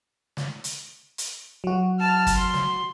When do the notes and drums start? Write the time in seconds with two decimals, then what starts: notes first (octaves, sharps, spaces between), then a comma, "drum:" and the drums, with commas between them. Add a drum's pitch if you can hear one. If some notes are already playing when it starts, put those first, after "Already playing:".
0.37 drum: snare
0.64 drum: hi-hat
1.18 drum: hi-hat
1.64 F#3 F#4
1.99 A5 F6
2.27 drum: kick, hi-hat
2.36 C6
2.54 drum: snare